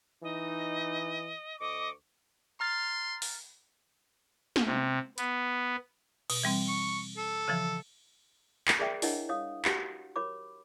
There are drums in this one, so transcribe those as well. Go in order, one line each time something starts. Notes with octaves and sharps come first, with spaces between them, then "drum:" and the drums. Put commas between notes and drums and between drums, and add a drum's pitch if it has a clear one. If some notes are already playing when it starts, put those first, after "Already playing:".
E3 D#4 D#5
D2 D#5 C#6 D6
A#5 C6 F6 A6
drum: open hi-hat
drum: snare
C3
B3, drum: hi-hat
B2, drum: cymbal
E3 G3 C4
C#6
A4
C#3 E3 F3
drum: clap
G#4 A#4 D5 E5 G5
D4 E4 A#4 C#5 D#5 F#5, drum: open hi-hat
C#5 F5 D#6
F#4 G4 F#5, drum: clap
A#4 C#5 B5 D6